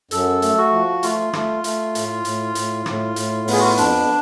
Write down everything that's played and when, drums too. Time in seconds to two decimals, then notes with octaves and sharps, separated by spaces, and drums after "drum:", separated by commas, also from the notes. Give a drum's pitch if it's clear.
0.11 F#2 A4, drum: hi-hat
0.42 A3, drum: hi-hat
0.58 F#4
0.72 F3
1.03 A3 F4, drum: hi-hat
1.33 A3, drum: rim click
1.64 A3, drum: hi-hat
1.95 A2, drum: hi-hat
2.25 A2, drum: hi-hat
2.55 A2, drum: hi-hat
2.86 A2, drum: rim click
3.16 A2, drum: hi-hat
3.48 B3 G#4, drum: open hi-hat
3.60 F#4
3.69 F4
3.78 F2 D4, drum: hi-hat